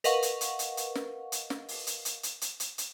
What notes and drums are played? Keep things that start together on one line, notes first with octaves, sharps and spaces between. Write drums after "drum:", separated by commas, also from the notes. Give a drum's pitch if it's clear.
A#4 B4 D#5 F5 F#5 C#6, drum: hi-hat
drum: hi-hat
drum: hi-hat
drum: hi-hat
drum: hi-hat
drum: snare
drum: hi-hat
drum: snare
drum: open hi-hat
drum: hi-hat
drum: hi-hat
drum: hi-hat
drum: hi-hat
drum: hi-hat
drum: hi-hat